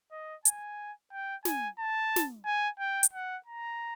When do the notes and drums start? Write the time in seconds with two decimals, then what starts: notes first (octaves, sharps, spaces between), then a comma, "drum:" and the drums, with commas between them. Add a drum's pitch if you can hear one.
0.11 D#5
0.45 G#5, drum: hi-hat
1.12 G5
1.45 G#5, drum: snare
1.79 A5
2.16 drum: snare
2.45 G#5
2.79 G5
3.03 drum: hi-hat
3.13 F#5
3.46 A#5